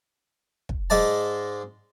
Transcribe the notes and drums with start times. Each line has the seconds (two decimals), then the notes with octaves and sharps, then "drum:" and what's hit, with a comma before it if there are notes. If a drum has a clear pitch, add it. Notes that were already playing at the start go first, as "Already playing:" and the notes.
0.69 drum: kick
0.90 G#2 G#3 D5 A5